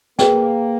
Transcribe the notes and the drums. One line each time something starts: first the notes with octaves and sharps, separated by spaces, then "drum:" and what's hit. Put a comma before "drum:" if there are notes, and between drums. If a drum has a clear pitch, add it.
A#3 G#4 B4 G5, drum: snare